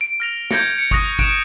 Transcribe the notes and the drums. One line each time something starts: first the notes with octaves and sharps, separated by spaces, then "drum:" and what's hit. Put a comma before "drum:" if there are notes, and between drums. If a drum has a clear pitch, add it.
D7
F6 A#6 F7
G6 G#6 A#6 C#7, drum: snare
C#7
C#6 D#6 F#6 A#6, drum: kick G1
F#6 D7 E7, drum: kick G1